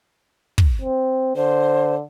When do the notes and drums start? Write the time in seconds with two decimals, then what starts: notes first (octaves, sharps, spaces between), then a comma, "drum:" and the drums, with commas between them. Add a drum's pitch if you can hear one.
0.58 drum: kick
0.82 C4
1.36 D3 C5